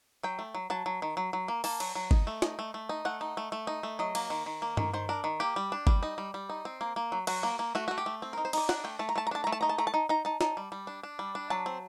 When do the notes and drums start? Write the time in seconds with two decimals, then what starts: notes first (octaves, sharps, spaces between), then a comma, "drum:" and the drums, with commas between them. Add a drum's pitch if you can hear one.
0.23 F#3 G5
0.39 A3
0.54 F#3
0.70 F#3 A5
0.86 F#3
1.02 D#3
1.17 F#3
1.33 F#3
1.48 A#3
1.64 A#3 A5, drum: open hi-hat
1.80 F#3, drum: cymbal
1.95 F#3
2.11 D#4, drum: kick G1
2.27 A3
2.42 D#4, drum: snare
2.59 A3
2.74 A3
2.89 D#4
3.05 A3 F#5
3.21 D#4
3.37 A3
3.52 A3
3.67 D#4
3.83 A3
3.99 F#3 D#5
4.15 A#3, drum: cymbal
4.30 D#3
4.46 D#3
4.62 A#3
4.77 D#3, drum: tom G2
4.93 D#3 C5
5.09 D4 A#4
5.24 D#3
5.40 A#3 G4
5.56 G3
5.72 D4
5.87 G3, drum: kick G1
6.03 D#4
6.18 G3
6.34 G3
6.50 D#4
6.65 C4
6.81 A#3
6.96 A#3
7.12 F#3
7.27 F#3 F#4, drum: cymbal
7.43 A#3
7.59 A#3
7.75 A3 F#4
7.88 A3 F#4
7.98 G4
8.06 A3
8.22 C4
8.33 A#4
8.38 D#4
8.45 C5
8.53 D#4 D5, drum: cymbal
8.69 D4 F#5, drum: snare
8.84 A3 G5
8.99 A3 A5
9.09 A#5
9.16 A3 A5
9.27 A#5
9.31 D4 A5
9.44 A3 A#5
9.52 A5
9.61 D#4 A#5
9.69 A5
9.78 A3 A#5
9.87 A5
9.94 D#4
10.09 D#4 A#5
10.25 D#4 A5
10.41 D#4 A5, drum: snare
10.57 G3
10.72 G3
10.87 D4
11.03 D4
11.19 G3
11.35 D4
11.50 F#3 A5
11.66 C4